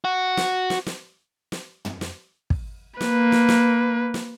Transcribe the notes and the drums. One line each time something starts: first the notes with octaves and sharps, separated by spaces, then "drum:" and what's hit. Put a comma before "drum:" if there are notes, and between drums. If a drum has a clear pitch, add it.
F#4
drum: snare
drum: snare
drum: snare
drum: snare
drum: tom
drum: snare
drum: kick
A#3 B4, drum: snare
drum: snare
drum: snare
drum: snare